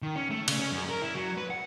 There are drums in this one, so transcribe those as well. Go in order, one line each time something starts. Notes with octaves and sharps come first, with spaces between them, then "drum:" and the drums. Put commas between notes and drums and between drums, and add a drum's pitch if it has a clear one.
D#3
C#4
A3
C#3, drum: cymbal
C#4
F#2
A#4
E4
F#3
B4
F#5